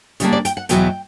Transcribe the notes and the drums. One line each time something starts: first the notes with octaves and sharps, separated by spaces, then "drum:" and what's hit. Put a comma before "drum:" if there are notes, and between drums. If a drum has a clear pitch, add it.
C#3 G3 A#3 D4, drum: hi-hat
D5
G5, drum: hi-hat
F#5
E2 B2 F#3 B3 G5, drum: hi-hat